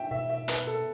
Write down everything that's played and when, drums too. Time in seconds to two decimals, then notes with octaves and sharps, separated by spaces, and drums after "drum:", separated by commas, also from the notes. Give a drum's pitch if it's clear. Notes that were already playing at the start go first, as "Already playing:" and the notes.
Already playing: D4 E5 G5
0.11 B2 E5
0.29 E5
0.48 B3 B4, drum: hi-hat
0.67 A4